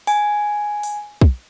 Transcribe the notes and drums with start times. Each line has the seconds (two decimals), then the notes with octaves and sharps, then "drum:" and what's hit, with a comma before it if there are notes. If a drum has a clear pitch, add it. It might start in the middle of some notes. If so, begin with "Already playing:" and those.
0.07 G#5, drum: open hi-hat
0.83 drum: open hi-hat
1.21 drum: kick